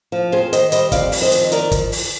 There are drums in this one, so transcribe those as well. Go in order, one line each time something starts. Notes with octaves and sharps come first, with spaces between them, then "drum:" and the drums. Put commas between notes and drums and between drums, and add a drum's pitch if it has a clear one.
F3
F2 G#4 C5
D#3 C5 D#5, drum: hi-hat
G3 C5 D#5, drum: hi-hat
F2 D5 F5, drum: kick, hi-hat
F2, drum: open hi-hat
C5 D#5
D#3, drum: hi-hat
D#4 A#4 D5, drum: hi-hat
F3, drum: kick, hi-hat
drum: open hi-hat